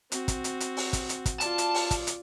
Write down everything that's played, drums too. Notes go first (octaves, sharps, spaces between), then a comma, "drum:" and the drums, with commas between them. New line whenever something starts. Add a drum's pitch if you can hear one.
C4 F#4, drum: hi-hat
drum: kick, hi-hat
drum: hi-hat
drum: hi-hat
drum: open hi-hat
drum: kick, hi-hat
drum: hi-hat
drum: kick, hi-hat
F4 D5 A5, drum: hi-hat
drum: hi-hat
drum: open hi-hat
drum: kick, hi-hat
drum: hi-hat